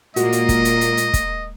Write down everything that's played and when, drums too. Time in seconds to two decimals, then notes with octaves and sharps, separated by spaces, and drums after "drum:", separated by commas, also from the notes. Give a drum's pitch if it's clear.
0.16 A#2 G#3 A#3 F#4 D#5, drum: hi-hat
0.32 drum: hi-hat
0.49 drum: kick, hi-hat
0.65 drum: hi-hat
0.81 drum: hi-hat
0.97 drum: hi-hat
1.14 drum: kick, hi-hat